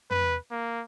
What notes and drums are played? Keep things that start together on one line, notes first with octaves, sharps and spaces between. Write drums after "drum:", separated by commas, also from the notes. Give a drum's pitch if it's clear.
B4, drum: tom
A#3